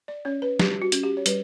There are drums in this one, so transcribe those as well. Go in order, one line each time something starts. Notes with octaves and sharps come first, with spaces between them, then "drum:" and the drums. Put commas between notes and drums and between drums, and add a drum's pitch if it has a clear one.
D5
C#4 C#5
B4
G3 G4, drum: snare
F#4
C#4, drum: hi-hat
G4
C#5
G3 B4, drum: hi-hat